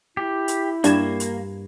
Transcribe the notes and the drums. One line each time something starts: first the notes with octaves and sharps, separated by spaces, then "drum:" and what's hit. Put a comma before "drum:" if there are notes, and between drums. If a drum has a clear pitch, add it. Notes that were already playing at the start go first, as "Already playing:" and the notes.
E4 G4
drum: hi-hat
G2 A#3 D4 G#6 E7, drum: hi-hat
drum: hi-hat